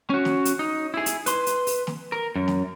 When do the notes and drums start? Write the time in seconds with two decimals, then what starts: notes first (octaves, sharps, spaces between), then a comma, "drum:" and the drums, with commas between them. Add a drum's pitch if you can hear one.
0.10 C#4 F#4
0.25 drum: snare
0.45 drum: hi-hat
0.59 D#4
0.94 E4 G#4
1.06 drum: hi-hat
1.26 B4 C6, drum: hi-hat
1.46 drum: hi-hat
1.67 drum: open hi-hat
1.87 drum: snare
2.12 A#4
2.36 F#2
2.48 drum: snare